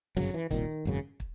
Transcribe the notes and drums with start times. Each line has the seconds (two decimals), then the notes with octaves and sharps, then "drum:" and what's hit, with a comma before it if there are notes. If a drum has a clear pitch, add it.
0.17 G1 F#2 C#3 F#3, drum: snare
0.34 E3
0.51 C2 A#2 D#3, drum: kick, hi-hat
0.85 G#1 F#2 C#3
1.20 drum: kick